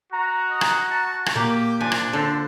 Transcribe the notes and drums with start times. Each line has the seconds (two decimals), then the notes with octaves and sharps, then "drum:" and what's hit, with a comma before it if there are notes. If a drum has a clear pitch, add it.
0.12 F#4 A#5
0.50 D#5
0.61 drum: rim click
0.91 A5
1.26 drum: rim click
1.35 A#2 A#3 G4
1.80 F3 D4 G#5
1.92 drum: rim click
2.13 D3 A4 C5